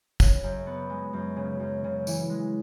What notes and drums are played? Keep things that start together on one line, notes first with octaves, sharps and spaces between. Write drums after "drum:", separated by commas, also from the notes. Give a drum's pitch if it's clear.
C#3, drum: kick, tambourine
F#2
B3
G#3
F#2
C#3
F#2
C#3
E3, drum: tambourine
G#3